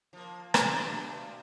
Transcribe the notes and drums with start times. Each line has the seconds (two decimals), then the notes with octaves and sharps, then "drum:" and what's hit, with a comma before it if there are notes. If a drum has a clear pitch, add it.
0.13 F3 A#3
0.54 drum: rim click
0.72 G2 B2 C4